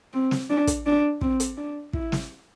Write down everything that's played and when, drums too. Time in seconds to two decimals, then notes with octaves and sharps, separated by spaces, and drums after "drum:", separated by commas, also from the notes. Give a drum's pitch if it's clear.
0.13 C4
0.31 drum: snare
0.50 D4
0.67 drum: kick, hi-hat
0.86 D4
1.21 C4, drum: kick
1.40 drum: hi-hat
1.57 D4
1.93 E4, drum: kick
2.12 drum: snare